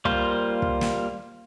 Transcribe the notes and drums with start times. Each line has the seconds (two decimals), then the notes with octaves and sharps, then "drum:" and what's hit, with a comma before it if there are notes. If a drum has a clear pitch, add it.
0.05 G3 A#3 F4 C5, drum: kick
0.62 drum: kick
0.81 drum: snare